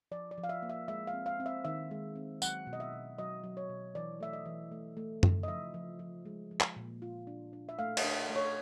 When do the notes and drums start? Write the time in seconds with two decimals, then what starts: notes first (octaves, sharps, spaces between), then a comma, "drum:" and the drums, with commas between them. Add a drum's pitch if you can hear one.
0.11 F3 D5
0.31 D5
0.38 F3
0.44 F5
0.49 E5
0.62 A#3
0.70 E5
0.88 G#3 E5
1.07 F5
1.13 C4
1.26 F5
1.40 C4
1.46 E5
1.65 D#3 E5
1.91 G#3
2.16 C4
2.42 F#3 F#5, drum: tambourine
2.67 B2
2.73 D#5
2.80 E5
2.93 B2
3.18 F#3 D#5
3.44 F#3
3.57 C#5
3.69 B2
3.95 E3 D5
4.20 A3 E5
4.33 D#5
4.46 E3
4.72 A3
4.97 A3
5.23 C#3, drum: tom F#2
5.43 D#5
5.48 F3 E5
5.74 F3
5.99 F3
6.25 G#3
6.51 F3
6.61 drum: clap
6.76 A#2
7.02 F4
7.27 D4
7.53 D4
7.69 E5
7.79 A3 F5
7.97 D#5, drum: cymbal
8.04 D4
8.30 A3
8.36 C#5